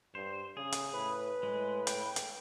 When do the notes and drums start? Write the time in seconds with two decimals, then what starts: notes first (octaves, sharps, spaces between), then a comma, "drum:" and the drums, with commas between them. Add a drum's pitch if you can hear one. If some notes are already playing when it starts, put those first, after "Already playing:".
0.15 G2 C5
0.57 C#3 G#4
0.72 drum: hi-hat
0.93 A2 B4
1.43 A2 G#3
1.87 G5, drum: hi-hat
2.16 drum: hi-hat